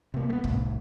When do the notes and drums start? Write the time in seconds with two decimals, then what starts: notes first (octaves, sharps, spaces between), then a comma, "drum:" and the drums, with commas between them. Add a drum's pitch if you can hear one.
0.14 C3 A#3
0.30 A3 B3
0.44 C2 A2, drum: kick